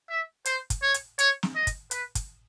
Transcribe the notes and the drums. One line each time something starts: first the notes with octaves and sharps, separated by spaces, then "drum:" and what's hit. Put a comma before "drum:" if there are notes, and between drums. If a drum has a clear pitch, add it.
E5
C5, drum: hi-hat
drum: kick, hi-hat
C#5
drum: hi-hat
C#5, drum: hi-hat
drum: snare
D#5
drum: kick, hi-hat
B4, drum: hi-hat
drum: kick, hi-hat